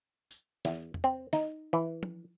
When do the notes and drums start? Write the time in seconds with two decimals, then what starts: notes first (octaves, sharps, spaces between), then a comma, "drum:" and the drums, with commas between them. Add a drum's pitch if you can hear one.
0.31 drum: tambourine
0.65 E2, drum: snare
0.94 drum: tom E2
1.04 C4
1.33 D#4, drum: snare
1.73 E3
2.03 drum: tom